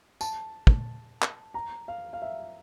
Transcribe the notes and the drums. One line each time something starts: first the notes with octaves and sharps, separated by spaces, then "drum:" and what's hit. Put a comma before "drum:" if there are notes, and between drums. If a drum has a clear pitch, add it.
A5, drum: tambourine
drum: kick
drum: clap
A#5
F5
F5
E5